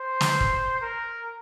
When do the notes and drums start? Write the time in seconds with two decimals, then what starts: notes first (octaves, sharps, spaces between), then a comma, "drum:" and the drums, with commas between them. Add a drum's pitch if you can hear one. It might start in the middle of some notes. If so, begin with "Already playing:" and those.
Already playing: C5
0.21 drum: snare
0.40 drum: kick
0.82 A#4